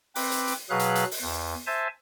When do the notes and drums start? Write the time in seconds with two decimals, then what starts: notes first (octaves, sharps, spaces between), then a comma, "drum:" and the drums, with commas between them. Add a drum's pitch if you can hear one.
0.16 C4 B4 D6, drum: open hi-hat
0.31 drum: hi-hat
0.47 drum: hi-hat
0.70 B2 F#3 G#4 B4 F5 F#6
0.79 drum: hi-hat
0.95 drum: hi-hat
1.11 drum: open hi-hat
1.22 E2
1.67 C5 E5 G#5 A5